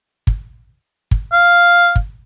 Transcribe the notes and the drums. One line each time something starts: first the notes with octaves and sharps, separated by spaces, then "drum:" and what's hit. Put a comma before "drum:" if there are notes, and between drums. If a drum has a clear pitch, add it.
drum: kick
drum: kick
F5
drum: kick